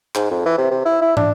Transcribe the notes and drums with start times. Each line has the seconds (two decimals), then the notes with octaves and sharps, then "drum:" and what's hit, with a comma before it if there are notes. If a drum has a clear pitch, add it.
0.15 G#2, drum: clap
0.31 F2
0.46 E3
0.58 C3
0.71 C3
0.86 E4
1.02 E4
1.17 D4, drum: tom